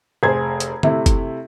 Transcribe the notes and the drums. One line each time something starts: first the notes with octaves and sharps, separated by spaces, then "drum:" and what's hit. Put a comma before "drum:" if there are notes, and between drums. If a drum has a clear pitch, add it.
F1 G#4 C5 G#6
drum: hi-hat
C3 A3 E4, drum: tom D3
drum: kick F#1, hi-hat